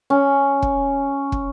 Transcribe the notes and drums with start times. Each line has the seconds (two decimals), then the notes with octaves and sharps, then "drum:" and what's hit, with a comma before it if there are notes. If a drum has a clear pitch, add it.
0.10 C#4
0.62 drum: kick
1.32 drum: kick